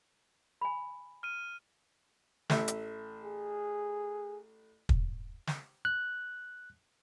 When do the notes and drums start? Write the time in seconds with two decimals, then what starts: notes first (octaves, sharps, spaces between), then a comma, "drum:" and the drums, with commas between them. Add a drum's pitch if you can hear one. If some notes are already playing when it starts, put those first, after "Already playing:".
0.61 G#5 B5
1.23 F6 D#7
2.50 A1 E5, drum: snare
2.68 drum: hi-hat
3.24 G#4
4.89 drum: kick
5.47 drum: snare
5.85 F#6